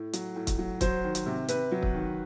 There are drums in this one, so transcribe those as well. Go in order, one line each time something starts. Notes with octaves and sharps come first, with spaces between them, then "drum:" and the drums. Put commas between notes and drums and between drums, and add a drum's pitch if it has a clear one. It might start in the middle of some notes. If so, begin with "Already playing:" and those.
Already playing: A2
F#3, drum: hi-hat
A2
drum: kick, hi-hat
F#3
F#3 C5, drum: kick, hi-hat
D#3
drum: hi-hat
C3
C3 B4, drum: hi-hat
F#3
drum: kick
D#3